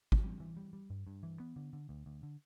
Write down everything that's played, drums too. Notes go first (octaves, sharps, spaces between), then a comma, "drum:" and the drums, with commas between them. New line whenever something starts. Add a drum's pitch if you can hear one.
drum: kick
G3
E3
G3
G3
G2
G2
E3
B3
D3
D3
D2
D2
D3